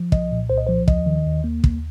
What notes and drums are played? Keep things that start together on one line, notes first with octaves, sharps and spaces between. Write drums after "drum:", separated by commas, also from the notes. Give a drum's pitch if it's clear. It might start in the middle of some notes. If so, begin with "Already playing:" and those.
Already playing: F3
C2 D#5, drum: kick
A#2
C2 C5
D#5
F3 C5
D#2 D#5, drum: kick
D#3
D#2
A#3
D#2, drum: kick